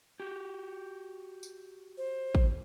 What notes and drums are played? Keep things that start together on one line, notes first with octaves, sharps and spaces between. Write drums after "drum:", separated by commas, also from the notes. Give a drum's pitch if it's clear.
F#4 G4
drum: tambourine
C5
drum: kick